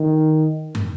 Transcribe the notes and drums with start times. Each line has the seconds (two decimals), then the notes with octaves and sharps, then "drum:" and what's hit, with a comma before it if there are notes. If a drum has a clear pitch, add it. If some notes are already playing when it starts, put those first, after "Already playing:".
Already playing: D#3
0.75 drum: tom